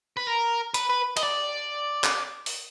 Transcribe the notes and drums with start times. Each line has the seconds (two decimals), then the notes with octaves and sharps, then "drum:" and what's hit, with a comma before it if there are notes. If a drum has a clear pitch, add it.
0.17 B4
0.27 A#4
0.74 B4, drum: hi-hat
0.89 B4
1.17 D#5, drum: cymbal
1.22 D5
2.04 drum: clap
2.46 drum: open hi-hat